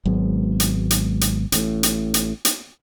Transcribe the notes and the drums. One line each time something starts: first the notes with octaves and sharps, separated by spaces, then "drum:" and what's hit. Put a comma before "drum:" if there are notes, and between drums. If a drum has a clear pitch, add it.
G#1 F#3 G#3 B3
drum: hi-hat
drum: hi-hat
drum: hi-hat
A1 A2, drum: hi-hat
drum: hi-hat
drum: hi-hat
drum: hi-hat